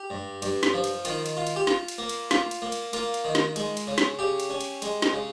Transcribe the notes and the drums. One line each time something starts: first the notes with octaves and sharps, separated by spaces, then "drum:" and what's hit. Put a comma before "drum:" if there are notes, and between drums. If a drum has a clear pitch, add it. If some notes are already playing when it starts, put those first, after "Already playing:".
Already playing: G4
G2
G2, drum: cymbal
drum: snare
F3
drum: cymbal
D#3 F4, drum: cymbal
drum: cymbal
F4
drum: cymbal
G4
F4, drum: snare
drum: cymbal
A#3
drum: cymbal
F4, drum: snare
drum: cymbal
A#3
drum: cymbal
A#3 F4, drum: cymbal
drum: cymbal
D#3
drum: snare
G#3, drum: cymbal
drum: cymbal
C#3
drum: snare
C#3 G4
drum: cymbal
C#4
drum: cymbal
G#3, drum: cymbal
drum: snare
C#3